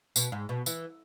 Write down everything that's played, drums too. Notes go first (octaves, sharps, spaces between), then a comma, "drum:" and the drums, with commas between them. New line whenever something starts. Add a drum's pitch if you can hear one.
B2, drum: tambourine
G#2
B2
E3, drum: tambourine